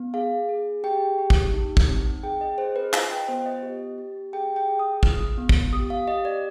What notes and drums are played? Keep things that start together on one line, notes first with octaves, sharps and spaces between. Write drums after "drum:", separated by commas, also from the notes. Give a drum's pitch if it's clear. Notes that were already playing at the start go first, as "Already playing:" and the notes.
Already playing: B3
G#4 F5
G#4
G4 G5
G4
drum: kick
D#4
drum: kick
C4
G#4 G5
D#5
G#4 C5
B4
F4 D#5, drum: clap
G5
B3 C5
D#5
G4
G4
G#4 G5
G5
G#4
D#6
F4 F6, drum: kick
B3
drum: kick
G4 D#6
F5
G4 D#5
D5